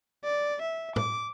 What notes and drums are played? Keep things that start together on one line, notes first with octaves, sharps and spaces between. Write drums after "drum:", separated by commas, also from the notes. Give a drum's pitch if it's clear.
D5
E5
D6, drum: tom A2